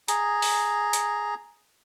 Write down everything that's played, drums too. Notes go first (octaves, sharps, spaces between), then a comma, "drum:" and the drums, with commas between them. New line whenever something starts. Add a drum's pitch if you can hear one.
G#4 A#5, drum: hi-hat
drum: open hi-hat
drum: hi-hat